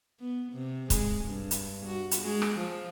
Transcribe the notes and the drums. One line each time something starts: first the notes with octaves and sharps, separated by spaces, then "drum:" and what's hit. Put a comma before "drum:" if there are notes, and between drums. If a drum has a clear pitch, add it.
B3
C3
G#3, drum: kick, hi-hat
G2
drum: hi-hat
F#4
drum: hi-hat
G#3
drum: rim click
F3